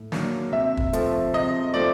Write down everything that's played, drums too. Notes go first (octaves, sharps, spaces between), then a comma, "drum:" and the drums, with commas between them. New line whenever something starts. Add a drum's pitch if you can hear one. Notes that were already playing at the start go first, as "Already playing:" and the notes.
Already playing: A2
F#3 A#3 D4, drum: snare
C3 E5
drum: kick
F3 A3 C4, drum: hi-hat
C3 D#5
F3 A3 C4 D5